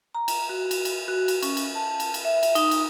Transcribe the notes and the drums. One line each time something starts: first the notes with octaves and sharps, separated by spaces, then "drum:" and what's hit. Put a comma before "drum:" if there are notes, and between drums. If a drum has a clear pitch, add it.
A#5
drum: cymbal
F#4
drum: cymbal
drum: cymbal
F#4
drum: cymbal
C#4, drum: cymbal
drum: cymbal
A5
drum: cymbal
drum: cymbal
E5
drum: cymbal
D#4, drum: cymbal
drum: cymbal